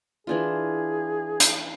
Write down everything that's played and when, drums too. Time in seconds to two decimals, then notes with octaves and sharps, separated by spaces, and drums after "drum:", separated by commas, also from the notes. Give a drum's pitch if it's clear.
0.27 E3 D4 F4 G#4
1.40 drum: hi-hat